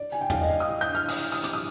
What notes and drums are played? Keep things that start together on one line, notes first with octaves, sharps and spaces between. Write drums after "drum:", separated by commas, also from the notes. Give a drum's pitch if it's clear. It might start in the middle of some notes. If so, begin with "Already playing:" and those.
Already playing: D5
G#5
G5
F5, drum: tom E2
D#5
F5
D#6
G6
F6
D#6, drum: open hi-hat
D#6
D6, drum: hi-hat
D#6